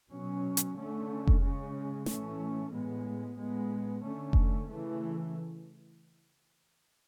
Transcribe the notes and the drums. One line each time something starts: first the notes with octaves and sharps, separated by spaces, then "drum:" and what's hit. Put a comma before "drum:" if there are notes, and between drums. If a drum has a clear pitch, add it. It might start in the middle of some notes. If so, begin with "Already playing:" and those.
B2 F#3 C#4
drum: hi-hat
D3 A3 C#4
drum: kick F1
C#3 G#3 C#4
A2 E3 A3 C#4, drum: snare
A2 G#3 B3
A2 G#3 B3
D3 A3 C#4
drum: kick F1
C#3 E3 A3